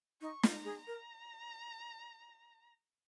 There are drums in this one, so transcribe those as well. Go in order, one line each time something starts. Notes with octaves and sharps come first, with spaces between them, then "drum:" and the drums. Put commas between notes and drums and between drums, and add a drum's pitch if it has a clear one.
D#4 C#6
F4, drum: snare
A#5
G#4
A#5
A#4